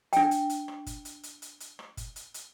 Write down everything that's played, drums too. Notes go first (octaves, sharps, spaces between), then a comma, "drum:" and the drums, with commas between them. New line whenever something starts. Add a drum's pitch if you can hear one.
D4 G5, drum: hi-hat
drum: hi-hat
drum: hi-hat
drum: rim click
drum: kick, hi-hat
drum: hi-hat
drum: hi-hat
drum: hi-hat
drum: hi-hat
drum: rim click
drum: kick, hi-hat
drum: hi-hat
drum: hi-hat